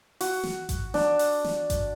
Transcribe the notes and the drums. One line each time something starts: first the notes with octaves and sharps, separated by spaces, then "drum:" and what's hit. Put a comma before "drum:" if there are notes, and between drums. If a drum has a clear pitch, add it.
F#4, drum: open hi-hat
drum: snare
drum: kick G#1, hi-hat
D4, drum: snare
drum: open hi-hat
drum: snare
drum: kick G#1, hi-hat